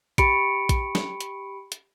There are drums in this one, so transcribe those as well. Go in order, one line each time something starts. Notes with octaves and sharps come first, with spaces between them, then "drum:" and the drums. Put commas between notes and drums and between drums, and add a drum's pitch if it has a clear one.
G4 B5 C#7 D7, drum: kick A#1, hi-hat
drum: kick A#1, hi-hat
drum: snare
drum: hi-hat
drum: hi-hat